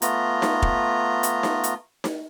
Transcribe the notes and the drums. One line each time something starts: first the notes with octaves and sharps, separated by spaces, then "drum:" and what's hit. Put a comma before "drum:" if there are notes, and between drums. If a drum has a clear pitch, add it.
A3 B3 F4 A#5, drum: hi-hat
drum: snare D#4
drum: kick
drum: hi-hat
drum: snare D#4
drum: hi-hat
drum: snare D#4